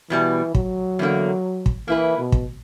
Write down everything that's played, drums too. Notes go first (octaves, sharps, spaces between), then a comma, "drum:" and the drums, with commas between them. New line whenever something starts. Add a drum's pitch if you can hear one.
E2 B2 E3 G3
F#3, drum: kick
E2 D3 A#3
drum: kick
E3 A#3 E4 B4
B2
drum: kick